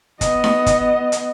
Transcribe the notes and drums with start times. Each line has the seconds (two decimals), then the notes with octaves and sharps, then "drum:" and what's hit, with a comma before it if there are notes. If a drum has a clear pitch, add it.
0.21 B3 D#5, drum: kick G1, hi-hat
0.44 drum: snare D#4
0.66 drum: kick G1, hi-hat
1.12 drum: hi-hat